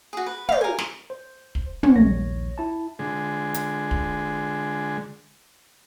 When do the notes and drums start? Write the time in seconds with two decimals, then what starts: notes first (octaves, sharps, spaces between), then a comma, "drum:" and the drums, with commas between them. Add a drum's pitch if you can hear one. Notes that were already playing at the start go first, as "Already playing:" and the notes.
0.13 F#4 G#4
0.26 B4
0.49 F5 G5, drum: tom
0.61 A#4 G#5
0.79 drum: snare
1.10 C5
1.55 drum: kick
1.83 drum: tom
1.96 A#1 D#2 C#5 A#6
2.58 E4 A5
2.99 D3 G#3
3.54 drum: hi-hat
3.91 drum: kick